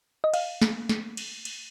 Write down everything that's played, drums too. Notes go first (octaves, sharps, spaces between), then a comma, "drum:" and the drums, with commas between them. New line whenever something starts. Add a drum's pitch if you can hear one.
D#5
F5, drum: cymbal
drum: snare
drum: snare
drum: cymbal
drum: cymbal